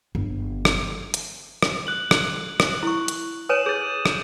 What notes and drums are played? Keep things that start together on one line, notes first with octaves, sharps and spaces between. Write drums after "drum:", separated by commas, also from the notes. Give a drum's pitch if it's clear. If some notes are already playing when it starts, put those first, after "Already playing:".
G1
drum: rim click
drum: hi-hat
drum: rim click
F#6 F#7
drum: rim click
drum: rim click
E4 C#6
drum: hi-hat
B4 C#5 G#5 D#6 D#7 E7
G#4 G6 A6
drum: rim click